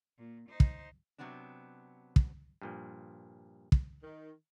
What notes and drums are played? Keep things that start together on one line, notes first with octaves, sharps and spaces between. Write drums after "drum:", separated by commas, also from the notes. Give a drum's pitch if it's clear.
A#2
D#4 C5
drum: kick
C3 F#3 B3 C4 D4
drum: kick
G2 A#2 F3
drum: kick
D#3